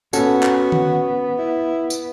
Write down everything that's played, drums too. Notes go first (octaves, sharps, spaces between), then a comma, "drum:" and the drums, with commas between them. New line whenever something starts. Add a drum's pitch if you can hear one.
B3 C#4 F#4 A4, drum: tambourine
drum: clap
drum: tom D3
E4
drum: tambourine